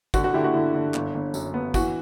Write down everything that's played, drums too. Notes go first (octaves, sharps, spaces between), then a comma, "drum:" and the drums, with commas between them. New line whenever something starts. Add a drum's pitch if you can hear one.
D3 F#4, drum: kick, tambourine
F#4
D3 E4 G4
F#4
D3 E4
D3
G1, drum: clap
G1
F#2, drum: tambourine
B3
E3 F#4, drum: kick, tambourine